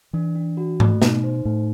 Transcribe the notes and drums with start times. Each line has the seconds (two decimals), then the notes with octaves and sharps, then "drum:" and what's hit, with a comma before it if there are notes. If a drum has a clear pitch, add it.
0.13 E3 D4
0.35 D4
0.57 F#4
0.80 A3, drum: tom G#2
1.02 B2 D#4, drum: snare
1.24 C5
1.45 A2 D#4